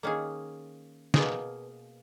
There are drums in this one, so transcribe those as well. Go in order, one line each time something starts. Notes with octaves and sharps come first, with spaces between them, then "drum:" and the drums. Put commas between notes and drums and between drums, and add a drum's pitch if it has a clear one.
D#3 A#3 C#4 G#4
B2 A#3 F4 G#4, drum: snare